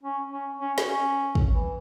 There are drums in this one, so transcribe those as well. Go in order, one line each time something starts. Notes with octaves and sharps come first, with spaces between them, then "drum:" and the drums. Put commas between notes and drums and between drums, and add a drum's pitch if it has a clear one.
C#4
C#4
C#4
drum: snare
C#4
drum: kick
E3